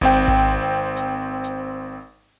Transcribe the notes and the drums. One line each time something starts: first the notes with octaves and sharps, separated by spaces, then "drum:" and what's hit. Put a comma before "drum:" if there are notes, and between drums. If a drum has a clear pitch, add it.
G#1 C4 G5, drum: kick G#1
drum: kick G#1
drum: hi-hat
drum: hi-hat